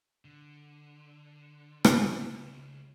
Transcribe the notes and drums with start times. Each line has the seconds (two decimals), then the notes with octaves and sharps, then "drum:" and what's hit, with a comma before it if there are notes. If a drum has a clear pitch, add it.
0.25 D3
1.84 drum: rim click
1.97 C#2